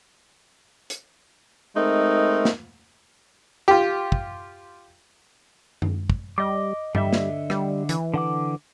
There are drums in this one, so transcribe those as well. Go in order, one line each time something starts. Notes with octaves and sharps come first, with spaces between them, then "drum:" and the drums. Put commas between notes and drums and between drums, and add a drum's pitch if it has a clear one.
drum: hi-hat
G#3 A3 C4 D#4 A#4
drum: snare
F4 G4
drum: kick
drum: tom F#2
drum: kick
G3 D#5 D6
D3 G3 D#5 E5, drum: tom G2
drum: snare
G3, drum: rim click
E3, drum: hi-hat
D3 F#5 D6